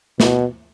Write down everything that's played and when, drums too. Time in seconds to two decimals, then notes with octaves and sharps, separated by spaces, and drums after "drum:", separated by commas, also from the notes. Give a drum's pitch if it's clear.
0.20 B2, drum: snare